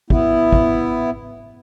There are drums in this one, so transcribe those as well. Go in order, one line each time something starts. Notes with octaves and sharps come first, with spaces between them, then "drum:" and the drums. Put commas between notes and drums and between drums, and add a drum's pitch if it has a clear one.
B3 E4, drum: kick
drum: kick